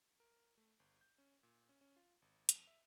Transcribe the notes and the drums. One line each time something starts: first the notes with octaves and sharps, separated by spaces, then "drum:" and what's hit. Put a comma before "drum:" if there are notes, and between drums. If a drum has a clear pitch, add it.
A#4
A3
G1
G6
C#4
A#2
C#4
C#4
F4
G#1
F2, drum: hi-hat
E5